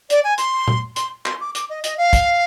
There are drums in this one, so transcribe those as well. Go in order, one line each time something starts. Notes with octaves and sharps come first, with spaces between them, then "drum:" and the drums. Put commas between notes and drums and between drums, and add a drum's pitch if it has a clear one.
D5, drum: hi-hat
G#5
C6, drum: hi-hat
drum: tom A#2
C6, drum: hi-hat
C6, drum: clap
D6
D6, drum: hi-hat
D#5
D#5, drum: hi-hat
F5
drum: kick, hi-hat